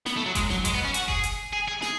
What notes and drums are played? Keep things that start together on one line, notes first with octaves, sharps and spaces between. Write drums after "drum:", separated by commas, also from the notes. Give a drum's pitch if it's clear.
B3, drum: snare
A3
F#3
G#3, drum: kick F#1, hi-hat
F#3, drum: snare
G#3, drum: kick F#1, hi-hat
B3
C#4
F#4, drum: hi-hat
G#4, drum: kick F#1
drum: hi-hat
G#4
G#4
G#4, drum: snare